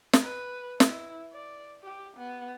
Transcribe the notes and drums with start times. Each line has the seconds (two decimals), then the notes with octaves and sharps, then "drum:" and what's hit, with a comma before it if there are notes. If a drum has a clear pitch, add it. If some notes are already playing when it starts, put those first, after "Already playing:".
0.13 drum: snare
0.23 B4
0.80 E4, drum: snare
1.33 D5
1.83 G4
2.17 B3